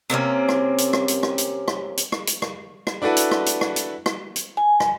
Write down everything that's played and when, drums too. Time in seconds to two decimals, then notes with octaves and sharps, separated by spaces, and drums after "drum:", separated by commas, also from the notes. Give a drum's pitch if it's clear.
0.10 C3 A#3 C4 C#4
0.49 drum: rim click
0.78 drum: hi-hat
0.93 drum: rim click
1.08 drum: hi-hat
1.23 drum: rim click
1.38 drum: hi-hat
1.68 drum: rim click
1.97 drum: hi-hat
2.12 drum: rim click
2.27 drum: hi-hat
2.42 drum: rim click
2.87 drum: rim click
3.02 D4 E4 F#4 A4 B4
3.17 drum: hi-hat
3.31 drum: rim click
3.46 drum: hi-hat
3.61 drum: rim click
3.76 drum: hi-hat
4.06 drum: rim click
4.36 drum: hi-hat
4.57 G#5
4.80 drum: rim click